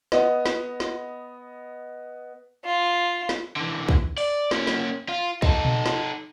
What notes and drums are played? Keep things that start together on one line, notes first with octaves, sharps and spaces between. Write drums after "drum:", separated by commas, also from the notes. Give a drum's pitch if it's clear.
B3 D#5, drum: snare
drum: snare
drum: snare
F4
drum: snare
D3 E3
drum: kick
D5, drum: open hi-hat
A#3 C#4, drum: snare
drum: snare
F4
D#4 A4, drum: kick
drum: tom A#2
drum: snare